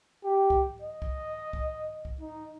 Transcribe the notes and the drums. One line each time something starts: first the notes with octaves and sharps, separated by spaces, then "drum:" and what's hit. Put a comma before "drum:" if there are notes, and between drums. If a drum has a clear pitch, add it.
G4
drum: kick C2
D#5
drum: kick C2
drum: kick C2
drum: kick C2
D#4